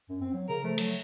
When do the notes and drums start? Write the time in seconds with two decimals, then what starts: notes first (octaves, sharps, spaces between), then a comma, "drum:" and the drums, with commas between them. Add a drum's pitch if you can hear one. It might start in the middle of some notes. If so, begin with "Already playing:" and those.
0.09 F#2
0.21 C4
0.33 F#3
0.49 C#3 A#4
0.64 F3 A3
0.78 F#3, drum: cymbal